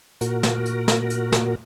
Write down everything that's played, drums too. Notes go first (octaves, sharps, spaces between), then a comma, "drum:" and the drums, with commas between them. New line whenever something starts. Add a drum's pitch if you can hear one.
A#2 F#4 A#4, drum: hi-hat
drum: snare
drum: hi-hat
drum: snare
drum: hi-hat
drum: snare